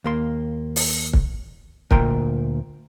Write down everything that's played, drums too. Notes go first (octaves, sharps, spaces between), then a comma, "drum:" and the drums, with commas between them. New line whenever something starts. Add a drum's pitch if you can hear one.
D#2 A#3 C6
drum: open hi-hat
drum: kick
D2 A#2 A#4 G5 A#5 C6, drum: kick